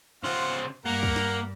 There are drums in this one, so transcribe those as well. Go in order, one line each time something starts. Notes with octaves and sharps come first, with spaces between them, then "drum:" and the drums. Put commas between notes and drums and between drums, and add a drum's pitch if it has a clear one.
C#3 C4 F4 C5 F#5
G2 A#3 A#4 F#5
drum: kick
drum: snare